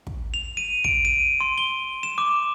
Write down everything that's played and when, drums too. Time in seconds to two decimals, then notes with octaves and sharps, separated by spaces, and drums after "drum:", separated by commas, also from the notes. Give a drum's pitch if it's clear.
0.07 drum: kick
0.34 F7
0.57 D#7
0.84 D7, drum: kick
1.05 D#7
1.40 C6
1.58 G7
2.03 E7
2.18 D6